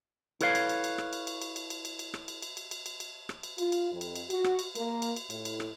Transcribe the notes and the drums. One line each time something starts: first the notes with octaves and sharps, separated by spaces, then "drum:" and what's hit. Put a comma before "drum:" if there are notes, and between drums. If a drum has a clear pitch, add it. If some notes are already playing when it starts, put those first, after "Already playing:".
E4 A4 B4 C#5 F5, drum: cymbal
drum: cymbal
drum: cymbal
drum: cymbal
drum: rim click
drum: cymbal
drum: cymbal
drum: cymbal
drum: cymbal
drum: cymbal
drum: cymbal
drum: cymbal
drum: rim click
drum: cymbal
drum: cymbal
drum: cymbal
drum: cymbal
drum: cymbal
drum: cymbal
drum: rim click
drum: cymbal
F4, drum: cymbal
drum: cymbal
F2
drum: cymbal
drum: cymbal
F#4, drum: cymbal
drum: rim click
drum: cymbal
A#3, drum: cymbal
drum: cymbal
drum: cymbal
A2, drum: cymbal
drum: cymbal
drum: rim click